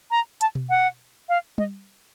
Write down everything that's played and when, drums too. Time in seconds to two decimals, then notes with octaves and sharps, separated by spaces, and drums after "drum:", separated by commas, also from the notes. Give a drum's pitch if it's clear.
0.11 A#5
0.41 A5, drum: hi-hat
0.55 drum: tom B2
0.69 F#5
1.29 F5
1.58 D#5, drum: tom G3